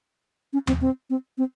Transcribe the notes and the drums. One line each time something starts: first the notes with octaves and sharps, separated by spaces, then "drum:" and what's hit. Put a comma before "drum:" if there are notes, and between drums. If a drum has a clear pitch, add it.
C#4
C4, drum: tom D#2
C4
C4
C4